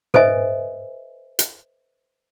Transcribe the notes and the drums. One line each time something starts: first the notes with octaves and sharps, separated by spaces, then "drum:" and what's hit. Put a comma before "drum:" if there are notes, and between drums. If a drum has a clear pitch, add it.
A4 B4 C5 D#5 E5 G#5, drum: tom G#2
drum: hi-hat